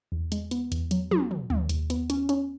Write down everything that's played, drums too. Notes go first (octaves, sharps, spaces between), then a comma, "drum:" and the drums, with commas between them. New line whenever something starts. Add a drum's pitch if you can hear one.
E2
G#3, drum: hi-hat
B3, drum: hi-hat
E2, drum: hi-hat
F#3, drum: hi-hat
F#3, drum: tom
F#3, drum: tom
D#2, drum: tom
D#2, drum: hi-hat
B3, drum: hi-hat
C#4, drum: hi-hat
C#4, drum: hi-hat